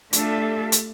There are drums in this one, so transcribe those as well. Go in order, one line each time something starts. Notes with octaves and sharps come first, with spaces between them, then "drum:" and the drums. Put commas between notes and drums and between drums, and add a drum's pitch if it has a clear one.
A3 D4 F4 G4 A4 E5, drum: hi-hat
drum: hi-hat